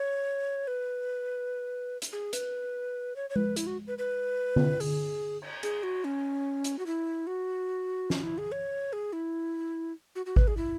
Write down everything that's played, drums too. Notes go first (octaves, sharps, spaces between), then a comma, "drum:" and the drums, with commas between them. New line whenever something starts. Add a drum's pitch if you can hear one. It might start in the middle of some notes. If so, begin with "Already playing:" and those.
Already playing: C#5
B4
drum: hi-hat
G#4
B4, drum: hi-hat
C#5
C#5
B4, drum: tom G#3
E4, drum: hi-hat
F#4
B4
B4
drum: tom D3
G#4, drum: open hi-hat
drum: cymbal
G#4, drum: hi-hat
F#4
C#4
drum: hi-hat
F#4
E4
F#4
C#4, drum: snare
E4
G#4
C#5
G#4
E4
F#4
F#4
B4, drum: kick G#1
G#4
E4